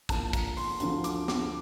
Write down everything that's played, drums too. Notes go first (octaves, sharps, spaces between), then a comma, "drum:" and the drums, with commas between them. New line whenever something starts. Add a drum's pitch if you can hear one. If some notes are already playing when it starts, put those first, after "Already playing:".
A#1 A#2 F3 A5, drum: kick, hi-hat
A#5, drum: kick, hi-hat
C6, drum: open hi-hat
D2 D3 F3 C6, drum: hi-hat
D6, drum: hi-hat
D6, drum: snare